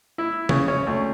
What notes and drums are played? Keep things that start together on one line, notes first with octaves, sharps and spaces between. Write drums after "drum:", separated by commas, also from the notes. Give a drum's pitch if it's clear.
E4
C#3, drum: tom D3
C#4
D2